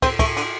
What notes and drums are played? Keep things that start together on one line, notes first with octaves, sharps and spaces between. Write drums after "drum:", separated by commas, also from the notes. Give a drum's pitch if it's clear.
C4, drum: kick, cymbal
A3, drum: kick, cymbal
D3, drum: cymbal